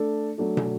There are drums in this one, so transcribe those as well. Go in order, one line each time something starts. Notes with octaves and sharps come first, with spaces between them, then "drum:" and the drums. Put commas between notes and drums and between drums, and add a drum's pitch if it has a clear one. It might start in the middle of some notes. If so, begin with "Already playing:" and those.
Already playing: A3 D4 A4
F#3 A3 D4 F#4 A4
drum: tom